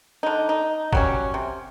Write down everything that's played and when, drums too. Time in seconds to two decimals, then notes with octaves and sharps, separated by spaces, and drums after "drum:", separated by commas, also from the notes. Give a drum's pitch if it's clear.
0.23 D3 D#4
0.49 D#4
0.92 F#3 G3 C#4, drum: kick
1.34 C3